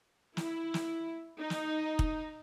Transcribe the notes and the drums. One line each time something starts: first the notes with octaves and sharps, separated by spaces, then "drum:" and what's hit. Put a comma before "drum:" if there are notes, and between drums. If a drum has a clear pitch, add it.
E4, drum: snare
drum: snare
D#4
drum: snare
drum: kick